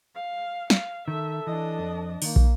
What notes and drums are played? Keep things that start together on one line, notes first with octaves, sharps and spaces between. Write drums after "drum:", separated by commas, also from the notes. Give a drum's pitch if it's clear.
F5
F5, drum: snare
D#3 A4 E5
E3 D4 D#5
F2
D#3 A#3, drum: open hi-hat
drum: kick